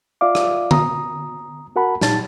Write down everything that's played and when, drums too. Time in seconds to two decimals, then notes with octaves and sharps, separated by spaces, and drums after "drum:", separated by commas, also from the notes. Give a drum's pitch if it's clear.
0.21 F4 D5 E5 F5 D6
0.35 drum: rim click
0.71 A#5 D#6, drum: tom D3
1.76 F#4 A#4 F#5 A5 B5
2.01 A#2 D#4 A5 A6, drum: snare